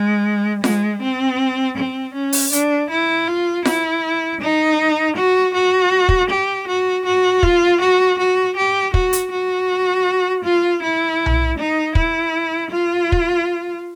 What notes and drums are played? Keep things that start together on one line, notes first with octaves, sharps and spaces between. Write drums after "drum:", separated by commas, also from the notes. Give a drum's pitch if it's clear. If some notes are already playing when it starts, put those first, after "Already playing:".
Already playing: G#3
G#3, drum: snare F4
C4
C4
C#4
drum: open hi-hat
D4, drum: hi-hat
E4
F4
E4, drum: snare F4
D#4
F#4
F#4
drum: kick
G4
F#4
F#4
F4, drum: kick
F#4
F#4
G4
F#4, drum: kick
drum: hi-hat
F#4
F4
E4
drum: tom B1
D#4
E4, drum: kick
F4
drum: kick